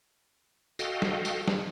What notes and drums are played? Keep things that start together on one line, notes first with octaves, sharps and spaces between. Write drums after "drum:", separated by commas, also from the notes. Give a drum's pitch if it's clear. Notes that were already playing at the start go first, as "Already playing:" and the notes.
F#4 A4 D#5 F5 G5, drum: tambourine
drum: snare
drum: tambourine
drum: snare